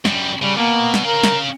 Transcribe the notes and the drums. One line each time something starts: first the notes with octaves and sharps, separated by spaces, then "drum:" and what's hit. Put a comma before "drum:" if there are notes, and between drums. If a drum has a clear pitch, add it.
F#2 G3, drum: snare
C#3 G3
B2 A#3
drum: snare
C#4 A#4 F5
drum: snare